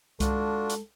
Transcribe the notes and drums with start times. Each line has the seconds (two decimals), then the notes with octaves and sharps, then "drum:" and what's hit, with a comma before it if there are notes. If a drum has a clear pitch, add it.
0.20 G#3 D4 F4 F#4 A4, drum: kick C2, hi-hat
0.70 drum: hi-hat